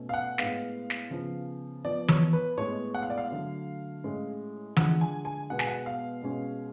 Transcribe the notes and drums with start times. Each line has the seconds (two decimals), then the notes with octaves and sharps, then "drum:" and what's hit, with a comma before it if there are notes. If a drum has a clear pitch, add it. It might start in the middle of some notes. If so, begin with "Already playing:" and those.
Already playing: B2 A3 C#4
0.09 F5
0.14 F#5
0.38 A2 G#3 B3 F5, drum: snare
0.90 drum: snare
1.11 C#3 F3 B3
1.85 F3 B3 D5
2.08 C#5, drum: tom E3
2.33 B4
2.57 A2 G#3 B3 C#5
2.94 F#5
3.03 F5
3.10 D5
3.18 F5
3.30 D3 F#3 A3
4.04 A2 G#3 C#4
4.77 D3 F3 G#3 F#5, drum: tom E3
5.01 G#5
5.25 G#5
5.50 B2 G#3 B3 F#5
5.59 G#5, drum: snare
5.67 F#5
5.86 F5
6.23 B2 G#3 C#4